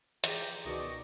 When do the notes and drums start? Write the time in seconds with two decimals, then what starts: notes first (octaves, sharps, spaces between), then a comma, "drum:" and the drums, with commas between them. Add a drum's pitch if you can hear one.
0.24 E3 F3 G4 G#4 A#5, drum: hi-hat
0.65 C#2 B2 D#3 D5 D#5 C#6 D6